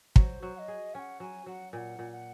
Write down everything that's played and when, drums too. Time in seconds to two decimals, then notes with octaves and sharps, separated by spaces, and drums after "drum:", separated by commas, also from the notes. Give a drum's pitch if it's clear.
0.16 F#3 C5, drum: kick
0.43 F#3
0.55 F#5
0.59 D#5
0.68 G#4
0.94 C#4 F#5 G#5
1.20 F#3 G#5
1.46 F#3 F#5
1.72 A#2 F#5 G#5
1.99 A#2
2.12 F#5